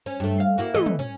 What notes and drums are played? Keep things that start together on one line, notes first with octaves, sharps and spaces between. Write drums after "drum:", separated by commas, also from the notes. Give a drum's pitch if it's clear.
C#4
G2 A3
F5
A#3 E4 F#4
E3 A3 D#5, drum: tom
drum: tom
C#4